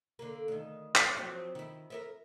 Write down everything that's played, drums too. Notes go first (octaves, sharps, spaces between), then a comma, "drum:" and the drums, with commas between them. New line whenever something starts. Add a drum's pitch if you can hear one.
D3 A#3
D2 D#3
drum: clap
F3 F#3 C4
D#3 E4
A#4 C5 E5